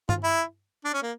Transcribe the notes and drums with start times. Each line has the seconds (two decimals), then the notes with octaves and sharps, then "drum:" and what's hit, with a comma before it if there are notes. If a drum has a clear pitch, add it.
0.09 F4, drum: tom G2
0.24 E4
0.85 D4
0.94 C#4
1.03 A#3